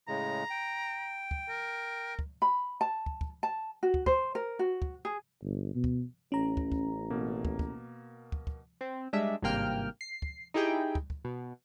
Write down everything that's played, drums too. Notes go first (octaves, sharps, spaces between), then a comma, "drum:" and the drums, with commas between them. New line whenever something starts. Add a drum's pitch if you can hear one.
A2 C#3 G#3 A#5
G5
drum: kick
A#4
drum: kick
B5
A5
drum: kick
drum: kick
A5
F#4
drum: kick
C5, drum: kick
A#4
F#4
drum: kick
G#4
G1
B2
drum: kick
A1 C#4 A#5
drum: kick
drum: kick
B2 A#3
drum: kick
drum: kick
drum: kick
drum: kick
C4
G3 G#3 D4 E5
G#1 G2 C3 A#3 G5 F6
C7
drum: kick
D#4 E4 G4 G#4 G5
drum: kick
drum: kick
B2